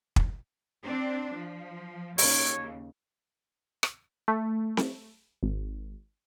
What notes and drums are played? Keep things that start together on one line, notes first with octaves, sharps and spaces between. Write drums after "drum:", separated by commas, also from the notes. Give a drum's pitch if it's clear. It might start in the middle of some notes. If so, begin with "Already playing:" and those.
drum: kick
C4 D4
F3
D#2 C#3 C#5, drum: open hi-hat
drum: rim click
A3
drum: snare C4
G#1